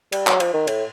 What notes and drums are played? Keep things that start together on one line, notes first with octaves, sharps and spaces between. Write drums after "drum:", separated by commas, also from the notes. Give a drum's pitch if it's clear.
G3, drum: cymbal
F#3, drum: clap
F3, drum: cymbal
D#3
A2, drum: cymbal